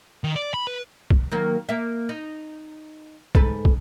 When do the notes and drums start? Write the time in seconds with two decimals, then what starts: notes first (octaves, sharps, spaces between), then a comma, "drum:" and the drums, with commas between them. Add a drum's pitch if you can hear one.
0.24 D#3
0.36 D5
0.54 B5
0.67 B4
1.10 drum: kick
1.31 D#3 F#3 A#3
1.69 A#3 E5
2.09 D#4
3.35 G#2 A4 B4, drum: kick
3.65 drum: kick